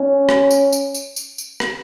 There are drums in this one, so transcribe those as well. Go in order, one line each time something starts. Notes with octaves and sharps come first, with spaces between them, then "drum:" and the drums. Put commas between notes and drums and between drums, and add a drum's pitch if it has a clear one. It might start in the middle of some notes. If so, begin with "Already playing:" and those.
Already playing: C#4
drum: rim click
drum: tambourine
drum: tambourine
drum: tambourine
drum: tambourine
drum: tambourine
drum: rim click